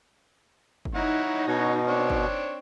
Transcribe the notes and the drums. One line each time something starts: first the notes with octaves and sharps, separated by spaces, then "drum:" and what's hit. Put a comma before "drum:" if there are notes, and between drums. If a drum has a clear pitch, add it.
drum: kick
D#4 E4 C#5 F#5
B2 C#4 F#4 C#5
C4 D4 C#5
drum: kick